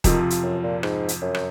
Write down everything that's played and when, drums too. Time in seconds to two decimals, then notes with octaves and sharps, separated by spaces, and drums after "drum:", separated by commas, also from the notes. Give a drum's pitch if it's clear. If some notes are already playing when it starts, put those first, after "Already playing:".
0.04 F2 C3 D#3 F3, drum: kick D#1, hi-hat
0.30 drum: hi-hat
0.44 F#2
0.64 A#2
0.83 G#2, drum: rim click
1.08 drum: hi-hat
1.22 F#2
1.35 drum: rim click